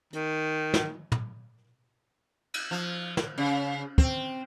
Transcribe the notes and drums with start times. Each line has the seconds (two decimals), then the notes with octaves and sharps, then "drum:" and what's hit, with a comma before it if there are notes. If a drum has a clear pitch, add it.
0.13 D#3, drum: hi-hat
0.74 drum: snare
1.12 drum: tom
2.54 drum: cymbal
2.71 F3
3.17 drum: snare
3.38 C#3
3.98 C4, drum: kick